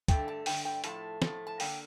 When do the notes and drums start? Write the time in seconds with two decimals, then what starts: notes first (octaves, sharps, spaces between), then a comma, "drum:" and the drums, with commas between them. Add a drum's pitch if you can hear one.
0.08 G2 D3 A3 G5, drum: kick C#2, hi-hat
0.28 A5
0.46 G2 D3 A3 G5, drum: open hi-hat
0.65 G5
0.84 A2 F3 A3 A5, drum: hi-hat
1.22 A2 F3 A3, drum: snare
1.47 A5
1.60 D3 G3 A#3 G5, drum: open hi-hat